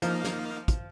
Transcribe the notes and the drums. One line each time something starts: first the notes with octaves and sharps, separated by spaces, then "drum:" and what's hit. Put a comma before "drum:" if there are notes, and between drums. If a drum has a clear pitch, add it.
F3 A#3 D#4 F5, drum: hi-hat
drum: snare
drum: kick, hi-hat